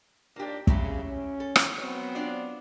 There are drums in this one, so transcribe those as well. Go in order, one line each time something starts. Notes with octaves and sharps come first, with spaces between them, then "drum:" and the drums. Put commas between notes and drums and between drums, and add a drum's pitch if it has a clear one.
D#2 A#3 D4 F4 G4
C#3 F#3 E4 G4, drum: kick
C#4
A4
drum: rim click
F#3 B3 C4 C#5
D4 F4 D5